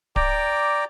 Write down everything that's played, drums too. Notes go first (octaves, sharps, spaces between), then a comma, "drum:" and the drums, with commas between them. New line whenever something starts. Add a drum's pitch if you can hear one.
D5 G5 A#5 D6, drum: kick D1